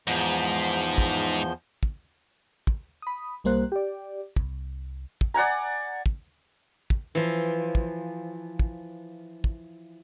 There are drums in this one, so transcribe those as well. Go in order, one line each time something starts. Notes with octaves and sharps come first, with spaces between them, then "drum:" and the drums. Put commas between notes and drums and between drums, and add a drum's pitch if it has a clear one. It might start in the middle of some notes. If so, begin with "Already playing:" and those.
E2 G#2 F3 G6
drum: kick
drum: kick
drum: kick
B5 D#6
B1 G3 A#3 C5 F#6
G4 D5
C2, drum: kick
drum: kick
D5 F#5 G#5 A#5
drum: kick
drum: kick
E3 F3
drum: kick
drum: kick
drum: kick